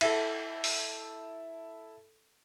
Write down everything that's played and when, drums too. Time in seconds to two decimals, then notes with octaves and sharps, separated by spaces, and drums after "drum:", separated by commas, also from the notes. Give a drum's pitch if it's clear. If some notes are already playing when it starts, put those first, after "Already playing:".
0.01 E4 A4, drum: cymbal
0.64 drum: open hi-hat